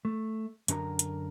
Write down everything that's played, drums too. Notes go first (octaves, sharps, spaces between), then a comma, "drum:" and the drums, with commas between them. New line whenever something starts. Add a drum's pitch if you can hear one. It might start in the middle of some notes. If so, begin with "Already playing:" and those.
A3
F#2 D3 A4 A#4 A#5, drum: hi-hat
drum: hi-hat